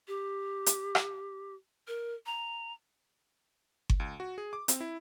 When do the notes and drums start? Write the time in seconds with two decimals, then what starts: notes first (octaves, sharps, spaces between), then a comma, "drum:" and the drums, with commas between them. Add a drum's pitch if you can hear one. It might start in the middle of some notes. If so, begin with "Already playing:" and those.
0.08 G4
0.66 drum: hi-hat
0.95 drum: rim click
1.88 A#4
2.26 A#5
3.90 drum: kick G1
4.00 C#2
4.20 F#4
4.38 G#4
4.53 D6
4.68 C4, drum: hi-hat
4.81 E4